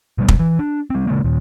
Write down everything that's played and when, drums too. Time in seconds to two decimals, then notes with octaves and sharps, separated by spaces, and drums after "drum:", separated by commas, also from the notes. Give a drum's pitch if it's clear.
0.18 B2 G3 B3
0.28 drum: kick
0.39 E3
0.59 D4
0.90 G3 C4
1.07 C#3 G#3 A#3
1.24 D#2 A#2